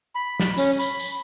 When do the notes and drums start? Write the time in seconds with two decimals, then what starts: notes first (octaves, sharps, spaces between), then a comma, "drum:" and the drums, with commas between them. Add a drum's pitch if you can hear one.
0.15 B5
0.40 drum: snare
0.57 C#4, drum: tambourine
0.79 B5, drum: tambourine
0.99 drum: tambourine